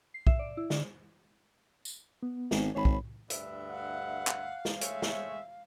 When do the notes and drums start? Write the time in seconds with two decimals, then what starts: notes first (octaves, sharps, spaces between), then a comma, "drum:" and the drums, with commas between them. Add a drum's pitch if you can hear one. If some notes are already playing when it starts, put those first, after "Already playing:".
0.14 C7
0.27 E5, drum: kick
0.39 D5
0.57 E4
0.70 D3, drum: snare
1.85 drum: tambourine
2.23 B3
2.51 G#1, drum: snare
2.75 G#1 C#5 B5
2.85 drum: kick
3.30 D2 G2 E5, drum: hi-hat
3.71 F5 F#5
4.27 drum: clap
4.65 drum: snare
4.81 G#3 A3 C#5 E5, drum: hi-hat
5.02 drum: snare